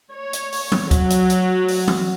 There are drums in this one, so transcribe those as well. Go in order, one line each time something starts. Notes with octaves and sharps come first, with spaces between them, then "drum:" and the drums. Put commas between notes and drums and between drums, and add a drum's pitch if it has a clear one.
C#5
drum: hi-hat
drum: open hi-hat
drum: tom E3
F#3, drum: kick, hi-hat
drum: hi-hat
drum: hi-hat
drum: open hi-hat
drum: tom E3